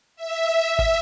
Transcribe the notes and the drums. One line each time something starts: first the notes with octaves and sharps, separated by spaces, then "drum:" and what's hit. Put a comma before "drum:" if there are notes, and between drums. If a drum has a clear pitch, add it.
E5
drum: kick